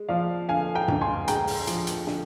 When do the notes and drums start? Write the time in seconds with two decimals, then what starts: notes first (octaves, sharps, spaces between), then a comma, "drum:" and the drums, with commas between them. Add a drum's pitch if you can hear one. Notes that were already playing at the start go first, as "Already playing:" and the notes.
Already playing: G#3
0.09 F3 D5 F5
0.49 D3 F5 G#5
0.75 G5 A#5
0.88 D2, drum: tom F#2
1.01 G#5 C6
1.28 G#3 G5 A#5, drum: hi-hat
1.47 drum: open hi-hat
1.67 F3, drum: hi-hat
1.87 drum: hi-hat
2.07 D3, drum: snare